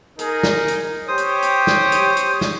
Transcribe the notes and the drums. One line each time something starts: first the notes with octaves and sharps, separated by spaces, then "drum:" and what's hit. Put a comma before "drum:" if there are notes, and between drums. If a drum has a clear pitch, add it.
D#4 G#4 A#4, drum: hi-hat
drum: snare
drum: hi-hat
G4 C5 C#5 D#6
drum: hi-hat
drum: hi-hat
drum: snare
drum: hi-hat
drum: hi-hat
drum: snare